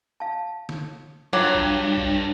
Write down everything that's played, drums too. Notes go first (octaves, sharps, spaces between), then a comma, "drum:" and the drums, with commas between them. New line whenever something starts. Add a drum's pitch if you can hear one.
F5 A5
drum: snare
G2 F#3 F4 G5 D6
drum: kick
drum: kick